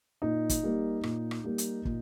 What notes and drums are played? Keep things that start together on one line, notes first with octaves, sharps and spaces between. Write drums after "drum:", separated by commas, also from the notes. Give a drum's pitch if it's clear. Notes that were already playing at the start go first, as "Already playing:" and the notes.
A#2 D#4
drum: kick, hi-hat
G3 A#3
A#2, drum: rim click
drum: rim click
G3 A#3
drum: hi-hat
A#2, drum: kick